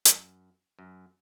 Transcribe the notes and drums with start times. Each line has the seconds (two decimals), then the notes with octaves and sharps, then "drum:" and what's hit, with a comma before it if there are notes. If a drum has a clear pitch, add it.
0.05 F#2, drum: hi-hat
0.79 F#2